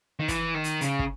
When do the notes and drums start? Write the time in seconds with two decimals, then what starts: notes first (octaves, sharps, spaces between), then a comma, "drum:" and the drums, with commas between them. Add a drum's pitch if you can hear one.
0.20 D#3
0.28 E3, drum: kick, hi-hat
0.54 D#3
0.64 drum: hi-hat
0.81 C#3, drum: hi-hat
0.99 drum: kick